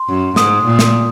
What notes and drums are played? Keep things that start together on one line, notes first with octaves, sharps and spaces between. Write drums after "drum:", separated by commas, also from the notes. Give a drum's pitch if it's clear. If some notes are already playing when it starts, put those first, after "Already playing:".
Already playing: C6
F#2
G#2 D#6, drum: snare
A#2
drum: snare